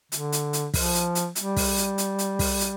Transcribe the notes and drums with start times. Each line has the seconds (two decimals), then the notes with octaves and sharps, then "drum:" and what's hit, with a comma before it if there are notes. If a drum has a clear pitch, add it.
0.12 D3, drum: hi-hat
0.32 drum: hi-hat
0.53 drum: hi-hat
0.74 F3, drum: kick, open hi-hat
0.94 drum: hi-hat
1.15 drum: hi-hat
1.35 G3, drum: hi-hat
1.56 drum: kick, open hi-hat
1.77 drum: hi-hat
1.98 drum: hi-hat
2.19 drum: hi-hat
2.39 drum: kick, open hi-hat
2.60 drum: hi-hat